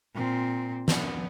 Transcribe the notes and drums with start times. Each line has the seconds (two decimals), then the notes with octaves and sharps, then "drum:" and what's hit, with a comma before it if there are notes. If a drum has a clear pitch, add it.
0.15 A#2 C4
0.88 B3, drum: snare